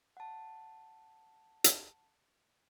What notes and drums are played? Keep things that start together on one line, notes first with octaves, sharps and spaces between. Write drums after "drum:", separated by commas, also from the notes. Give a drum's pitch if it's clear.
F#5 A5
drum: hi-hat